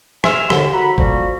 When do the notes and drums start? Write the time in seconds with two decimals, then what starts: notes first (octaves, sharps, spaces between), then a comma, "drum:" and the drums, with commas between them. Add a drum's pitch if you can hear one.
0.24 E5 G#5 C6 E6 F6, drum: rim click
0.50 D#2 D3, drum: rim click
0.74 F#4 A#5 B5
0.98 D3 F3 G3 A#3 F#4, drum: kick